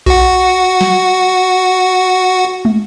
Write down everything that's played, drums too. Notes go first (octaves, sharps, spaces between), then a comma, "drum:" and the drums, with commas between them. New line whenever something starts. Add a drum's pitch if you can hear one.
F#4 F#5, drum: kick A#1
drum: snare
drum: tom